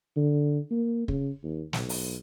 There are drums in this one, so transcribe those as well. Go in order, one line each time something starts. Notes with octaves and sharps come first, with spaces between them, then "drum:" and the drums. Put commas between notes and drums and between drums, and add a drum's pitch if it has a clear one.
D3
A#3
C#3, drum: kick
D#2
B1, drum: snare
drum: open hi-hat